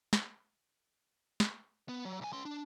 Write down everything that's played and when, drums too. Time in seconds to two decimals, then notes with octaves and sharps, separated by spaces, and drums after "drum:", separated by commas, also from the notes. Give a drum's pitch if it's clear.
0.13 drum: snare
1.40 drum: snare
1.89 B3
2.05 F#3
2.21 B1 G#5
2.33 C#4 C6
2.45 D4